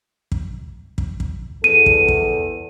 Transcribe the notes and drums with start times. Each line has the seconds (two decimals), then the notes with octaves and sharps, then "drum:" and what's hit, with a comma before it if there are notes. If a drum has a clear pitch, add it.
0.32 drum: kick
0.98 drum: kick
1.20 drum: kick
1.64 E2 A4 D#7
1.86 drum: kick
2.08 drum: kick